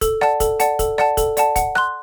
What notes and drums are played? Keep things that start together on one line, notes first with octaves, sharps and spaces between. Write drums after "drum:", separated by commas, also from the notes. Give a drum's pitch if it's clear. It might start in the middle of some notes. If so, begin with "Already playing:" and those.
A4, drum: kick, hi-hat
D5 F#5 A5, drum: rim click
A4, drum: kick, hi-hat
D5 F#5 A5, drum: hi-hat
A4, drum: kick, hi-hat
D5 F#5 A5, drum: rim click
A4, drum: kick, hi-hat
D5 F#5 A5, drum: hi-hat
F#5, drum: kick, hi-hat
C6 F#6, drum: rim click